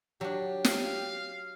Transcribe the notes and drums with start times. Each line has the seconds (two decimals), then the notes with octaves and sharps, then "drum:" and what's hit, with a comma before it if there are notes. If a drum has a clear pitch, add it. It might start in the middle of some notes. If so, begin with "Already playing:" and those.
0.21 F#3 D4 G4
0.64 F5, drum: snare